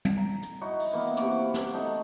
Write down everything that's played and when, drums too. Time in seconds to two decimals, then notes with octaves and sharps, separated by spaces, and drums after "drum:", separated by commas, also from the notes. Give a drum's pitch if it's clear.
0.05 drum: tom
0.17 A#5
0.42 drum: hi-hat
0.61 D#4 E4 F#4 D#5
0.80 drum: open hi-hat
0.93 E3 A#3 B3
1.17 C3 E4 F#4 D6, drum: hi-hat
1.54 drum: snare
1.73 A3 D#4